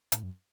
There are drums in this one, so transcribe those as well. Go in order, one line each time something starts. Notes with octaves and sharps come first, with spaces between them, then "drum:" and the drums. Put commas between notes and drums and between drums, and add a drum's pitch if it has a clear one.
A2, drum: hi-hat
F#2